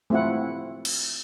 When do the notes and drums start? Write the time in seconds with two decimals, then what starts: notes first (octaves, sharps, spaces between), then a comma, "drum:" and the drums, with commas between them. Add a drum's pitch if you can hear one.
0.10 A3 C4 E4 F4 F#5
0.85 drum: cymbal